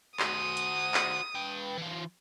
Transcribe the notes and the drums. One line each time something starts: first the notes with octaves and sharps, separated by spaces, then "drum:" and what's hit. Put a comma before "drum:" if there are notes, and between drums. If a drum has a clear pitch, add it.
F#4 C5 D#6, drum: clap
drum: hi-hat
drum: clap
B4 G5
E3 F4